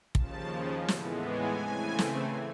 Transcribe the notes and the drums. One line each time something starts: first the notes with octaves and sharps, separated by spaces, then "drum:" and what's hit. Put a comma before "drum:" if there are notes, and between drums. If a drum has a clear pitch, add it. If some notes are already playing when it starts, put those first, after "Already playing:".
D#2 C#3 F3 A5, drum: kick
A2 E3 G#3 B3, drum: snare
G#5
C#3 E3 A3 C4
drum: snare